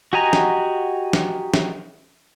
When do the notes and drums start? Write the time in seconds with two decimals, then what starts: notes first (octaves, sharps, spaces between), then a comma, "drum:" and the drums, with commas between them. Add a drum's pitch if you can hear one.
0.13 F#4 G4 D#5 G#5 A#5
0.33 drum: snare
1.13 drum: snare
1.54 drum: snare